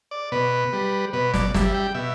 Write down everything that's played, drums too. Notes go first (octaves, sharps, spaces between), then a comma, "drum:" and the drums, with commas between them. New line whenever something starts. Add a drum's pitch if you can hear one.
D5
B2 B4
G3
B2 B4
D5, drum: snare
G3 E5, drum: snare
G5
B2 E5